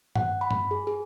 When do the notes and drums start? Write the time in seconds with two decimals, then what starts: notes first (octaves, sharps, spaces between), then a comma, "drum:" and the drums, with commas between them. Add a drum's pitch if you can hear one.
0.15 F#5, drum: tom G2
0.41 B5
0.51 drum: tom G2
0.71 G#4
0.87 G#4